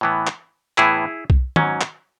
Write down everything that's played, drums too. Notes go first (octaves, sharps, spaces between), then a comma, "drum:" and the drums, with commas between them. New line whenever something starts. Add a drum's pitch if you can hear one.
A2 E3 B3
drum: clap
A2 E3 B3 E4 G#4, drum: clap
drum: kick B1
G#2 F#3 C#4, drum: tom
drum: clap